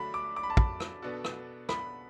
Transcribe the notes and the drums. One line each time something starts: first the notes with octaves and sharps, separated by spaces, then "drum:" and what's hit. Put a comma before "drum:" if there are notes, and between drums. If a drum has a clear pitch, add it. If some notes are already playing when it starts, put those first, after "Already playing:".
Already playing: D3 F#3 A3 D4 F#4 B5
D6
D6
B5
A5
B5, drum: kick
drum: rim click
B2 B3 D4 F#4 A4
drum: rim click
B5, drum: rim click